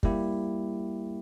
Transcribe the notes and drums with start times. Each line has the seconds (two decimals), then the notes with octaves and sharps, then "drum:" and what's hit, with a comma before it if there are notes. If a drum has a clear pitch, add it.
0.03 G3 A#3 E4 G4, drum: kick